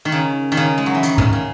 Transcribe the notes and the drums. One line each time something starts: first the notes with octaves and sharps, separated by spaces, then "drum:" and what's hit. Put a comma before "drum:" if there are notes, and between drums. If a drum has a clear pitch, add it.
D#3
C#3
D#3
C#3
G#3
F#3
E3
D#3, drum: hi-hat
D#3, drum: tom
C#3